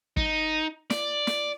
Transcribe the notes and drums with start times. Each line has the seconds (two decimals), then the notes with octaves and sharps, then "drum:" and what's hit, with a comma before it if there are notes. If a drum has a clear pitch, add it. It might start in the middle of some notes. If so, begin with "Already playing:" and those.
0.17 D#4, drum: kick G1
0.90 D5, drum: snare
1.27 drum: snare